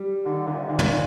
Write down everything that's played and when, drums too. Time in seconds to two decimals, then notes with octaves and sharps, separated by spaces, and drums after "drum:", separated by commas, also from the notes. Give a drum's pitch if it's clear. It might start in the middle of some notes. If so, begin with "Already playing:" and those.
Already playing: G3
0.25 D3 D#3
0.47 A#2 D3
0.58 C3
0.68 A#2 D#3
0.79 drum: tom
0.90 D#3